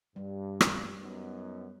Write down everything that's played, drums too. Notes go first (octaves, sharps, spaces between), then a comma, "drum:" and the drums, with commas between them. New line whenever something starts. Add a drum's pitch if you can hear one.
G2 G3
drum: rim click
F#2 B3 D#4